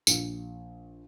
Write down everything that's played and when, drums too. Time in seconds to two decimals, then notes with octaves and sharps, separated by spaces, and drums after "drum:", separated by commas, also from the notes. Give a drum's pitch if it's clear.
0.07 A#1, drum: tambourine